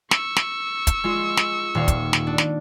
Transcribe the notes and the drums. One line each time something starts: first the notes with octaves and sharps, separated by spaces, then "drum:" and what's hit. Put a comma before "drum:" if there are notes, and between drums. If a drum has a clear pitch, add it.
C#6 E6, drum: snare
drum: snare
drum: kick, hi-hat
G#3 F4
drum: snare
D#1 F5
drum: kick, hi-hat
drum: snare
D4
drum: snare